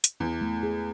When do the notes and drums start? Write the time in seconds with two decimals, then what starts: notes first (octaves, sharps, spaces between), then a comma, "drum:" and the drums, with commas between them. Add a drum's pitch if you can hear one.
0.04 drum: hi-hat
0.20 E2 E4
0.41 A3
0.63 G#4